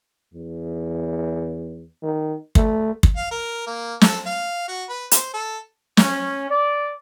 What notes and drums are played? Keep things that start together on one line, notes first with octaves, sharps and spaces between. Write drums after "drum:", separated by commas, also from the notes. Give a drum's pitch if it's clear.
E2
D#3
A3, drum: kick
drum: kick
F5
A#4
A#3
A4, drum: snare
F5
F#4
B4
C5, drum: hi-hat
A4
C#4, drum: snare
D5